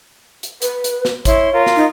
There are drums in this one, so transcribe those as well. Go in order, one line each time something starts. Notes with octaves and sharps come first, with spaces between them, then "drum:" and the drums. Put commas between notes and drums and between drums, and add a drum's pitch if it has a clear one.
drum: hi-hat
B4, drum: hi-hat
drum: hi-hat
drum: snare
E4 C#5 C6, drum: kick, hi-hat
F4 A#4
drum: snare
D#4